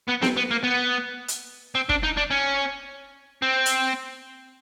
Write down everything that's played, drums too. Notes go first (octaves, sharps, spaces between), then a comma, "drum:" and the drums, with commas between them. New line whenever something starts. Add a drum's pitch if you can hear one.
B3
C4, drum: snare B3
B3
A#3
B3
drum: hi-hat
C4
D4, drum: kick
D#4
D4
C#4
C4
drum: hi-hat